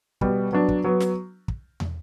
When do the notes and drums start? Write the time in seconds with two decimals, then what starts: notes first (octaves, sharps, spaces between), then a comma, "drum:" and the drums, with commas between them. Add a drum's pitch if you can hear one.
0.21 B2 G3 B3, drum: kick
0.53 F#3 B3 D4
0.69 drum: kick
0.84 F#3 B3
1.00 drum: snare
1.48 drum: kick
1.80 drum: tom